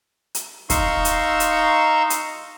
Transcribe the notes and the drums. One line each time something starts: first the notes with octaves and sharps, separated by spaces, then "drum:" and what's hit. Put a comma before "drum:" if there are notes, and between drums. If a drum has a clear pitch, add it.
drum: hi-hat
D#4 F5 A#5 C6 C#6 E6, drum: kick, hi-hat
drum: hi-hat
drum: hi-hat
drum: hi-hat